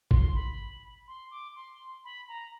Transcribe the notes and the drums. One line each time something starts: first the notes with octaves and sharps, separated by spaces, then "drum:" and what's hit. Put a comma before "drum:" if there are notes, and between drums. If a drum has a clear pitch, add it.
C6, drum: kick
B5
C6
D6
C6
B5
A#5